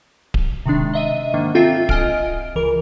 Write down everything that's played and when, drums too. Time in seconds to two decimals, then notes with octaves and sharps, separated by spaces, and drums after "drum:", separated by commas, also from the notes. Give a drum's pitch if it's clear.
0.34 drum: kick D1
0.66 C3 D#3 G#3 D4
0.94 D#5 E5 D#7
1.34 G#2 D#3 A#3 D4
1.55 C4 F4 A4 E5 G5
1.89 D#5 G#5 F6 D7, drum: kick D1
2.56 C#2 E3 A#4